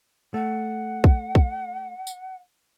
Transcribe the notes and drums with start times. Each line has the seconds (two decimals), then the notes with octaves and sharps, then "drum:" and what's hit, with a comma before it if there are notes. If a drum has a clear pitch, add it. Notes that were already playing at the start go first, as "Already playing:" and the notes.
0.34 A3 F#5
1.04 drum: kick
1.35 drum: kick
2.07 drum: tambourine